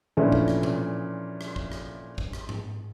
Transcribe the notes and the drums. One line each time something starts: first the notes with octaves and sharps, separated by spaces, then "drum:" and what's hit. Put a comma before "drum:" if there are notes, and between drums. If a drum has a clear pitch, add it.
A#2 E3 F3 A3 C#4 D4
drum: kick
drum: rim click
drum: tom B2
drum: rim click
drum: kick
drum: rim click
drum: kick
drum: rim click
drum: tom G#2